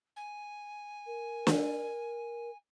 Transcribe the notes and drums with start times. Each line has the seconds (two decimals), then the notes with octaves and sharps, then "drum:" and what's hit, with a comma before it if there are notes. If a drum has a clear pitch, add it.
0.16 G#5
1.07 A#4
1.47 drum: snare